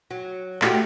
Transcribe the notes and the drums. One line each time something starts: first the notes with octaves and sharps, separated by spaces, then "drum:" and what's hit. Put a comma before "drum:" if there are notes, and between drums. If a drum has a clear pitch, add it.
F#3
A3 F#4 G4, drum: clap